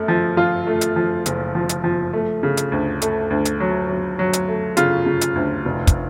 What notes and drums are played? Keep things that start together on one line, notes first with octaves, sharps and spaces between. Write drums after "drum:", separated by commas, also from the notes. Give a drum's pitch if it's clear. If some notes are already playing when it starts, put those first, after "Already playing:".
Already playing: F#2 A3
F3
F3 F4
A3
drum: hi-hat
F3
F#1, drum: hi-hat
F3
drum: hi-hat
F3
A3
C#3
drum: hi-hat
D2
A3, drum: hi-hat
D2
drum: hi-hat
F#3
F#3
F#3
drum: hi-hat
A3
C#3 F4, drum: hi-hat
C#3
drum: hi-hat
D2
F1
drum: kick, hi-hat